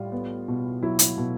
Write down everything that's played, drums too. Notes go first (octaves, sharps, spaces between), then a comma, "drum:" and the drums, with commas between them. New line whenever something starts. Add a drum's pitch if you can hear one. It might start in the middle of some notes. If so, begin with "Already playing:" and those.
Already playing: A2 G3 F4
B3
B2
F#3 E4
drum: hi-hat
B2